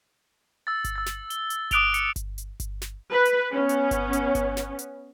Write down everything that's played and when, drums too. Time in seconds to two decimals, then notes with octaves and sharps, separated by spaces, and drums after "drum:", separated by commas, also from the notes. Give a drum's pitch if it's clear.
0.67 E6 A6
0.84 drum: kick G1, hi-hat
0.96 E6 A6
1.06 drum: snare
1.30 G7, drum: hi-hat
1.50 drum: hi-hat
1.71 D6 D#6 F#6 D7 F7 G7, drum: kick G1, hi-hat
1.94 C#7, drum: hi-hat
2.16 drum: kick G1, hi-hat
2.38 drum: hi-hat
2.60 drum: kick G1, hi-hat
2.82 drum: snare
3.11 B4
3.25 drum: hi-hat
3.52 B3 C#4
3.69 drum: hi-hat
3.91 drum: kick G1, hi-hat
4.13 drum: hi-hat
4.35 drum: kick G1, hi-hat
4.57 drum: snare
4.79 drum: hi-hat